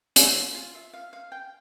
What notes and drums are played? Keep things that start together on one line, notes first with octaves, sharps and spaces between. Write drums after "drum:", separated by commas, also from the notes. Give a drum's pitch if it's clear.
E4, drum: hi-hat
F4
F4
E5
F5
F5
G5